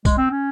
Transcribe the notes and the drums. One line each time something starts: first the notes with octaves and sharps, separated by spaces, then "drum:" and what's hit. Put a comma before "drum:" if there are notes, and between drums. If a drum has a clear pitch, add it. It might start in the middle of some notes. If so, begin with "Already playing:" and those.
G#3, drum: kick B1, tambourine
C4
C#4